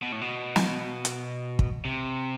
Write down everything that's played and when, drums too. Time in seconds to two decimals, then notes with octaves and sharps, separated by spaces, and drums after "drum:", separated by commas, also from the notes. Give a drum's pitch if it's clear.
0.03 B2
0.12 A2
0.21 B2
0.56 drum: snare
1.05 drum: hi-hat
1.59 drum: kick
1.85 C3